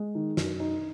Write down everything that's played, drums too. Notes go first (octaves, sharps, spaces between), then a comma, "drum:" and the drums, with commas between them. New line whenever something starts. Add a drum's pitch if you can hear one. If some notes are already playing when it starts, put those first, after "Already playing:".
Already playing: G#3
D#3
F#2, drum: snare
D#4